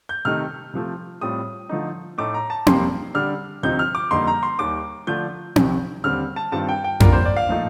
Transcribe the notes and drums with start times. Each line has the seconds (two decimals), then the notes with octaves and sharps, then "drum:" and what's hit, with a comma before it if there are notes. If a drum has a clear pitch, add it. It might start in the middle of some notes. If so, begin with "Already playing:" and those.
0.09 G6
0.25 C3 D#3 A3 D#4 F6
0.74 C3 F3 A3
1.21 A2 G3 C4 F4 D#6
1.69 D3 F3 A3 D#4
2.18 A2 A3 D#4 D6
2.34 A#5
2.50 A5
2.67 F2 C3 G3 A#3 C6, drum: tom C4
3.14 D3 G3 D4 F6
3.63 D2 C3 F3 C4 D#4 G6
3.79 F6
3.95 D6
4.11 F2 D3 G3 A#3 D#4 C6
4.27 A#5
4.43 C6
4.59 D#2 D#3 G3 D6
5.07 D3 F3 A3 D4 F4 G6
5.56 C2 C3 D#3, drum: tom C4
6.04 D#2 D3 G3 C4 F6
6.36 A5
6.52 G2 D#3 G3 C4 F4 A5
6.69 G5
6.84 G5
7.00 D3 G3 A#3 D4 F4 A#4, drum: tom F2
7.13 C5
7.25 D5
7.36 F5
7.49 A#2 F3 A3 D#4